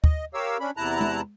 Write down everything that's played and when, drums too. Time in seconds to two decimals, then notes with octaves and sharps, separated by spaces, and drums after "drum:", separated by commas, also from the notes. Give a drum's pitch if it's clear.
0.04 D#5, drum: kick
0.34 G4 A#4 C#5 F5 E6
0.60 C#4 D4 B5
0.77 E2 C3 E4 A5 A#5 F#6
1.01 drum: tom G#3